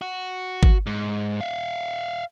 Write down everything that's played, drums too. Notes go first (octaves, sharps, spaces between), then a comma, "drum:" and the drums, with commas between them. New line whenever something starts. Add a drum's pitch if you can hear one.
F#4
drum: kick G1
G#2
E5 F5